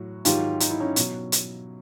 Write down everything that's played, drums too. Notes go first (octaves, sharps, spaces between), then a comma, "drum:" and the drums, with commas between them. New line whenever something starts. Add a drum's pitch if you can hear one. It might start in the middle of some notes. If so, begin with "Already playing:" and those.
Already playing: A2 F#3 F#4
G#2 D#3 F#3 F4 G4, drum: hi-hat
D#4, drum: hi-hat
E4
C#4 D#4
B2 F#3, drum: hi-hat
drum: hi-hat